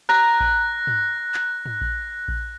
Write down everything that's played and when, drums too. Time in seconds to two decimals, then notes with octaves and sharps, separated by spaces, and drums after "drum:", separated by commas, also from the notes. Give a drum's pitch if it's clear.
0.09 A#5 F#6 A#6
0.40 drum: kick A#1
0.87 drum: tom
1.34 drum: clap
1.66 drum: tom
1.81 drum: kick A#1
2.28 drum: kick A#1